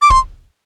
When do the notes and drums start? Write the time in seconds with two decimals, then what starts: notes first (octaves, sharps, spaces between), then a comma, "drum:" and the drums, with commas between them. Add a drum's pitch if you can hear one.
0.02 D6
0.10 C6, drum: kick